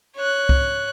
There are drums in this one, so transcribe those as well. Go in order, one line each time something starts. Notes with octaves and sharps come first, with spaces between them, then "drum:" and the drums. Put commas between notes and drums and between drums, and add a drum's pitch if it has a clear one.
C#5 F#6
drum: kick C2